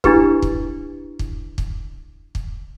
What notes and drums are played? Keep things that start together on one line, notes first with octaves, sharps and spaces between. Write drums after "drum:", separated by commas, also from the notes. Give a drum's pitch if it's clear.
D4 E4 G4 B4, drum: kick
drum: kick
drum: kick
drum: kick
drum: kick